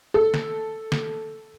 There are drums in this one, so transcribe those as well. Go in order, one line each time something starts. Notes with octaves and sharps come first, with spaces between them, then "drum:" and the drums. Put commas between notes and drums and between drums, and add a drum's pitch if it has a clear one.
A4
drum: snare
drum: snare